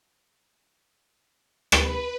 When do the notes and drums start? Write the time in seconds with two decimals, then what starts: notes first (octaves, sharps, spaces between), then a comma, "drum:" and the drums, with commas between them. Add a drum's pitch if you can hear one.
1.72 B4, drum: rim click